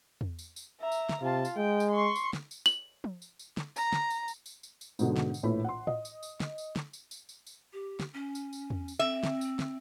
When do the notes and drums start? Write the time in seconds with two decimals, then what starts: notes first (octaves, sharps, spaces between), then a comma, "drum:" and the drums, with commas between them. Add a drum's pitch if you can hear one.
0.21 drum: tom E2
0.39 drum: tambourine
0.56 drum: tambourine
0.81 E5 A#5
0.92 drum: tambourine
1.09 drum: snare
1.21 C3 F4 A5
1.45 drum: tambourine
1.57 G#3 G5
1.80 drum: tambourine
1.91 C6 C#6
2.16 drum: tambourine
2.33 drum: snare
2.51 drum: tambourine
2.66 F#7, drum: tambourine
3.04 drum: tom
3.22 drum: tambourine
3.39 drum: tambourine
3.57 drum: snare
3.76 A#5, drum: tambourine
3.93 drum: snare
4.10 drum: tambourine
4.28 drum: tambourine
4.46 drum: tambourine
4.63 drum: tambourine
4.81 drum: tambourine
4.99 G#2 B2 D3, drum: tambourine
5.16 drum: snare
5.34 drum: tambourine
5.43 A#1 A2 E3 B5
5.64 F#5 C6
5.87 D#5, drum: tom A2
6.05 drum: tambourine
6.23 drum: tambourine
6.40 drum: snare
6.58 drum: tambourine
6.76 drum: snare
6.93 drum: tambourine
7.11 drum: tambourine
7.29 drum: tambourine
7.47 drum: tambourine
7.73 G4
8.00 drum: snare
8.13 C#4
8.35 drum: tambourine
8.53 drum: tambourine
8.70 drum: tom E2
8.88 drum: tambourine
8.99 C4 E5
9.23 drum: snare
9.41 drum: tambourine
9.59 drum: snare